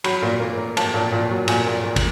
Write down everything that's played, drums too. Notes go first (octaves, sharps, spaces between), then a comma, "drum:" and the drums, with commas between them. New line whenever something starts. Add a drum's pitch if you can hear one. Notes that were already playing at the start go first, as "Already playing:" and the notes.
F#3 B5, drum: cymbal
A#2
A#3
A#3
A#3 A5, drum: cymbal
A#2
A#2
F#3
A#2 G#5, drum: cymbal
A#2
A#2
drum: kick, cymbal